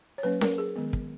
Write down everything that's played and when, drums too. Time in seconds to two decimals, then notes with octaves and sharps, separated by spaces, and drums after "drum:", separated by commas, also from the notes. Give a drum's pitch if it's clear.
0.18 C#5
0.23 F#3 A#3 C#4 B4
0.41 A#4, drum: snare C#4
0.58 G#4
0.76 D#3 G#3 B3
0.93 drum: kick